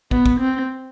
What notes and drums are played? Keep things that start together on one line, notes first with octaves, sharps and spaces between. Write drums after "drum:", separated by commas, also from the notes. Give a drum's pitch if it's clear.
B3, drum: kick
drum: kick
C4